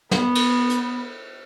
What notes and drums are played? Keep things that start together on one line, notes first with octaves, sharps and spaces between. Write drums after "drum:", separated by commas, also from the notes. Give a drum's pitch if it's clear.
B3, drum: snare
drum: cymbal
drum: hi-hat